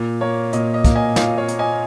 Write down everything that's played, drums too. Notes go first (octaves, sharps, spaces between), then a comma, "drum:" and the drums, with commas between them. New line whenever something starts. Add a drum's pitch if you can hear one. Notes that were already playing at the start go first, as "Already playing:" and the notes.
Already playing: A#2
A#3 C#5
A#2 D#5, drum: hi-hat
D#5
A#3, drum: kick, hi-hat
D#5 G#5
A#2 C#5 F5, drum: snare
C#5 F5
A#3, drum: hi-hat
D#5 G#5